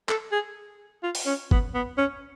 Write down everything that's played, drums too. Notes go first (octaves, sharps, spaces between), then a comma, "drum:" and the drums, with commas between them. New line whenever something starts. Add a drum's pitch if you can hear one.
A4, drum: clap
G#4
F4
drum: open hi-hat
C#4
B3, drum: kick
B3
C#4